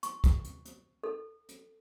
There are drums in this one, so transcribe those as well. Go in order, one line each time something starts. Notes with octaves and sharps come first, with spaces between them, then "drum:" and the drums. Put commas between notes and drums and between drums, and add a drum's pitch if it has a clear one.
C#6, drum: hi-hat
drum: kick, hi-hat
drum: hi-hat
drum: hi-hat
A4
drum: hi-hat